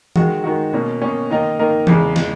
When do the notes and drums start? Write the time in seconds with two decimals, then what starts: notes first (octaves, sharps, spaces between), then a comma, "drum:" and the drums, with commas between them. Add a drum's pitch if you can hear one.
0.16 D#3 G#3 D#4 F#4, drum: tom E3
0.44 D#3 G#3 D#4 F#4
0.73 B2 A#3 C#4
1.02 B2 A#3 C#4
1.30 D#3 A#3 D#4 A#4 D#5
1.59 D#3 A#3 D#4 A#4 D#5
1.87 E2 C#3 G#3, drum: tom E3
2.16 C#3 G#3, drum: snare